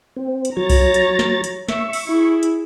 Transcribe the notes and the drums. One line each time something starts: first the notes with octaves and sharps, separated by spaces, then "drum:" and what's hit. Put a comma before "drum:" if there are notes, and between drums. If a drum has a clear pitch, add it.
C4
drum: hi-hat
F#3 C#5 A#5 A6
drum: kick C2, open hi-hat
drum: hi-hat
drum: snare
drum: hi-hat
E5 C#6, drum: snare
drum: open hi-hat
E4 G#4
drum: hi-hat